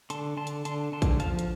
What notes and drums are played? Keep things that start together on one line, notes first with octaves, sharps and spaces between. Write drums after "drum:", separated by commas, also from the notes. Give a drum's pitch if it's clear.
D3 A5 C6, drum: hi-hat
D3 A5 C6
drum: hi-hat
D3 A5 C6, drum: hi-hat
D3 A5 C6
drum: kick, hi-hat
F3 F5 A5, drum: hi-hat
drum: hi-hat